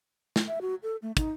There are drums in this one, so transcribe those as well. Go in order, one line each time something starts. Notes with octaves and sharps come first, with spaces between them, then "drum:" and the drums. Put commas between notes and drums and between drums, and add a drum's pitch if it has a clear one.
drum: snare
E5
F#4
A4
A3
D#4, drum: kick, hi-hat